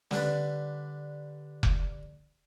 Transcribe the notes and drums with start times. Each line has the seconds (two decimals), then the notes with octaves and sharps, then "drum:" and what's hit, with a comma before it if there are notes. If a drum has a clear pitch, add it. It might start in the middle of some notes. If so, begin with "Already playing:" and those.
0.11 D3 G3 D4 B4, drum: snare
1.63 drum: kick F1